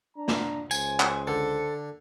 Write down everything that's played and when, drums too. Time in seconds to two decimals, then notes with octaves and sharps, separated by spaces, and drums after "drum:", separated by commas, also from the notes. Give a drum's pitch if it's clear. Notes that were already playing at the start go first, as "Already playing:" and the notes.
0.17 D4 A#5
0.28 drum: snare A#3
0.71 C#2 C5 G#5, drum: tambourine
1.00 drum: clap
1.27 D3 A4